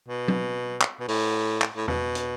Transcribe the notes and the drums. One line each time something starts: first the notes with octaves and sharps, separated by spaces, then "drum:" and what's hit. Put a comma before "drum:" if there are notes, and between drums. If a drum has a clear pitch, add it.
B2
drum: tom F#3
drum: clap
B2
A2, drum: open hi-hat
drum: clap
A2
B2, drum: tom
drum: hi-hat